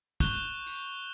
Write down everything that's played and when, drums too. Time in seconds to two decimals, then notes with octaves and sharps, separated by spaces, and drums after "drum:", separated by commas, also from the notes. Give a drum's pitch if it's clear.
0.20 C#6 F#6 G6 E7 F7 G7, drum: kick, tambourine
0.66 drum: tambourine